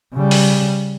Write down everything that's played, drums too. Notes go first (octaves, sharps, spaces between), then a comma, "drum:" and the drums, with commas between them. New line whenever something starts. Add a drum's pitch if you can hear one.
C#3 G3
drum: open hi-hat